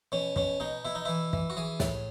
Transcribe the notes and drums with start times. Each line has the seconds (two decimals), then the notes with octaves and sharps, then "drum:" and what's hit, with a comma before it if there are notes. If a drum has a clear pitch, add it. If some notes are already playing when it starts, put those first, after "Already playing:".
0.12 B2 C#4
0.36 B2 C#4, drum: kick
0.60 B2 D#4
0.85 B2 E4
0.95 D#4
1.05 E3 E4
1.33 E3, drum: kick
1.50 F#4
1.57 E3 G#4
1.80 A2, drum: snare